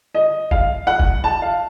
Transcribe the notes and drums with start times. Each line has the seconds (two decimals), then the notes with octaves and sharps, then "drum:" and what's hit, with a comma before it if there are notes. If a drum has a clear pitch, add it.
0.15 D#5
0.51 F5, drum: kick
0.87 F#5
1.00 drum: kick
1.24 A5
1.42 F5